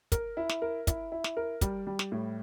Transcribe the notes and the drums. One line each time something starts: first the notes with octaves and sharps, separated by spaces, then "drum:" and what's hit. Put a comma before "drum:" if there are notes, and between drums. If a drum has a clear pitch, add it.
A#4, drum: kick, hi-hat
E4
drum: snare
A#4
E4, drum: kick, hi-hat
E4
drum: snare
A#4
G3, drum: kick, hi-hat
G3
drum: snare
A2